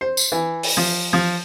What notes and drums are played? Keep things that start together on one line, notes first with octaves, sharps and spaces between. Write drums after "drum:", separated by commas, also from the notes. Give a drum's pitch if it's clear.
C5
drum: tambourine
E3
drum: open hi-hat
F3
F3